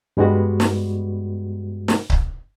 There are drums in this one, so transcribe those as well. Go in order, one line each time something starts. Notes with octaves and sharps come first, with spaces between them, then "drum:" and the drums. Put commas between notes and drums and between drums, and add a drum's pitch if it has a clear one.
G2 G3 G#3 B3 F#4
drum: snare
drum: snare
drum: kick C#1